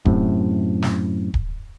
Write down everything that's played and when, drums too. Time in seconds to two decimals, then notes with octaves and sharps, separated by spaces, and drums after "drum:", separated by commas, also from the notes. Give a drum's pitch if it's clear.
0.05 F#2 A2 C3, drum: kick D1
0.82 drum: snare
1.34 drum: kick D1